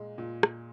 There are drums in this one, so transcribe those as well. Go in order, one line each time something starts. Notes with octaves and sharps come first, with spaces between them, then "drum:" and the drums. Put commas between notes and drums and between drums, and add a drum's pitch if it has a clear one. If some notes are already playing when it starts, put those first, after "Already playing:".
Already playing: A#2 G#3
A#2
drum: rim click